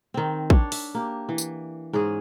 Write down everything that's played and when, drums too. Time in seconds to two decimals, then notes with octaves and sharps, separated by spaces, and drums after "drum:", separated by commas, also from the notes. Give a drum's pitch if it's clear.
0.14 D#3 C4
0.50 D4 C#5, drum: kick
0.72 E5, drum: open hi-hat
0.95 A#3 G4
1.29 E3
1.38 drum: tambourine
1.93 G#2 G#3 C#4 G#4